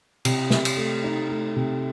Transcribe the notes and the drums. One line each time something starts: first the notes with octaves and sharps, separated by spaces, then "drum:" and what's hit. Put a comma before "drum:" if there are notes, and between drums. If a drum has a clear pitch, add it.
C3, drum: cymbal
C3, drum: snare
drum: cymbal
A3
D#4
A3
C3